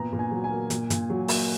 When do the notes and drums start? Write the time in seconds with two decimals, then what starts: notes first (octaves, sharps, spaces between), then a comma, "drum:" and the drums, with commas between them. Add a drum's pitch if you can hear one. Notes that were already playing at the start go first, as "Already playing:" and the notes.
Already playing: A#2 B3 A#5
0.12 A#2
0.19 G#5
0.31 F#3
0.44 G#5
0.51 A#3
0.70 A#2, drum: hi-hat
0.90 A#2, drum: hi-hat
1.10 F#3
1.28 A#3, drum: open hi-hat